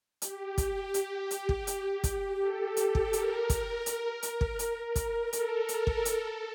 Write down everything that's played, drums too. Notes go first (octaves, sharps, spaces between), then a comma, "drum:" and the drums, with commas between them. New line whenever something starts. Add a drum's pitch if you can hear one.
G4, drum: hi-hat
drum: kick, hi-hat
drum: hi-hat
drum: hi-hat
drum: kick
drum: hi-hat
drum: kick, hi-hat
A4
drum: hi-hat
drum: kick
A#4, drum: hi-hat
drum: kick, hi-hat
drum: hi-hat
drum: hi-hat
drum: kick
drum: hi-hat
drum: kick, hi-hat
A4, drum: hi-hat
drum: hi-hat
drum: kick
A4, drum: hi-hat